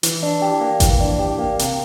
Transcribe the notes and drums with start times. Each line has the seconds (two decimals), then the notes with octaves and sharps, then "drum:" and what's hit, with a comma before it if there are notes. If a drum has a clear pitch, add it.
0.03 E3, drum: hi-hat
0.23 D4
0.42 G4
0.61 A#3
0.80 E3, drum: kick G#1, hi-hat
1.00 D4
1.19 G4
1.39 A#3
1.59 C3, drum: hi-hat